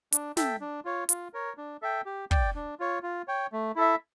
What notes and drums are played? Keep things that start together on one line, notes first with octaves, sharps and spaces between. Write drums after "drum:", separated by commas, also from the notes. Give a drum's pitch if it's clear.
D4, drum: hi-hat
A4 E5 G5, drum: snare
D4
F4 C#5
F4, drum: hi-hat
A#4 C#5
D4
A4 E5 G5
G4
D5 G5, drum: kick
D4
F4 C#5
F4
C#5 G5
A3
E4 A4 E5